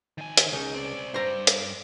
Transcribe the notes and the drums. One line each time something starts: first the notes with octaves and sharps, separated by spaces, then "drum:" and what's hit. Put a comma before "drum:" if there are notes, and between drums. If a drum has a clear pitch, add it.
D#3 G#5
drum: hi-hat
C#2 D#4
C4 D5
G2 G4 C5 A#5
drum: hi-hat